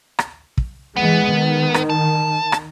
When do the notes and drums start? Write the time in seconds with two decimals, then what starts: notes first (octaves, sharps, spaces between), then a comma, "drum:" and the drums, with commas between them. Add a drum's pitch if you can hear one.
0.19 drum: rim click
0.58 drum: kick
0.96 E3 G#3 B3
1.30 D#3
1.74 drum: rim click
1.90 A5
2.52 drum: rim click